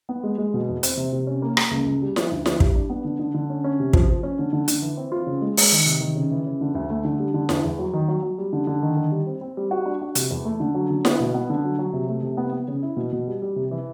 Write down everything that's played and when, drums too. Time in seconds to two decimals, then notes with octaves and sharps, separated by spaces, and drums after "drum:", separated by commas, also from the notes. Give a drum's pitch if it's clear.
0.09 B3
0.23 G#3
0.38 G#3
0.54 B2
0.69 E2
0.83 C4, drum: hi-hat
0.97 C3
1.12 C3
1.27 C#4
1.42 A#3
1.57 A#3, drum: rim click
1.71 C#2
1.86 C#2
2.02 G3
2.16 F3, drum: snare E4
2.32 D2
2.46 F3, drum: snare E4
2.60 G3, drum: kick
2.75 D4
2.90 B3
3.04 D3
3.19 D3
3.34 D3
3.50 C#4
3.64 C#4
3.80 C3
3.93 F3, drum: kick
4.09 F3
4.23 C#4
4.39 D3
4.53 D3
4.68 D3, drum: hi-hat
4.82 E3
4.97 C4
5.12 F4
5.27 C#3
5.41 G#3
5.57 G#3, drum: open hi-hat
5.72 D#3
5.86 C3
6.01 D#3
6.15 C#3
6.31 E3
6.46 C#3
6.61 D3
6.75 D2
6.90 A3
7.05 D3
7.19 G3
7.34 D3
7.49 E2, drum: snare E4
7.64 E2
7.79 F#3
7.93 D#3
8.08 F#3
8.23 F#3
8.38 G3
8.53 D3
8.67 D3
8.82 D#3
8.97 D#3
9.12 G3
9.27 C4
9.41 C4
9.57 G3
9.71 F#4
9.86 D4
10.02 F#4
10.15 C3, drum: hi-hat
10.31 E2
10.45 A3
10.60 D3
10.74 F#3
10.90 D3
11.05 B3, drum: snare E4
11.20 B2
11.34 B3
11.50 D3
11.64 F#3
11.79 F#3
11.93 C3
12.09 A3
12.23 C3
12.37 B3
12.53 B3
12.68 C#3
12.83 E4
12.97 B2
13.13 B2
13.27 G3
13.42 G3
13.56 C3
13.71 E3